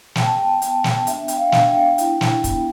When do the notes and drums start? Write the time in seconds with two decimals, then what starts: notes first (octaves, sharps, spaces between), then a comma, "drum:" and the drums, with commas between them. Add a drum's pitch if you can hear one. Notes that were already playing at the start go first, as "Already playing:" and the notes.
0.15 B3 G5, drum: snare
0.24 A5
0.31 G5
0.62 B3, drum: hi-hat
0.84 drum: snare
1.07 D4 E5, drum: hi-hat
1.28 G5, drum: hi-hat
1.37 F5
1.52 D4, drum: snare
1.68 G5
1.98 E4, drum: hi-hat
2.21 drum: snare
2.44 B3, drum: kick, hi-hat